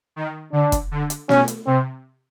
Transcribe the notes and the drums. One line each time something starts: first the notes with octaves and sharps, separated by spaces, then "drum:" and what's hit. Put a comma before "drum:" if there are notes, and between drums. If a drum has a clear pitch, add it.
D#3
D3 D4
drum: kick, hi-hat
D3
drum: hi-hat
B2 C#4, drum: snare
drum: hi-hat
C3 C4